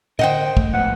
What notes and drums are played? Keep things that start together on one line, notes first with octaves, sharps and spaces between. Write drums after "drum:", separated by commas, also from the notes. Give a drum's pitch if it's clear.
A2 D3 A#4 C5 D#5 F#5 G5
A3, drum: kick
F2 G#2 B3 F#5